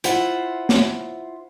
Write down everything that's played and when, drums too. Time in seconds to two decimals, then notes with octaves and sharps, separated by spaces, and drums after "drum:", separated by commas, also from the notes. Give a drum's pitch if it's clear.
0.04 E4 F4 C5 E5 F#5, drum: hi-hat
0.69 drum: snare